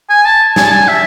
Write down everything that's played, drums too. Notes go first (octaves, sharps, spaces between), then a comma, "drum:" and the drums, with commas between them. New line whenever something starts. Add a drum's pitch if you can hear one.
G#5
A5
G#5, drum: snare
A5
G#5
E5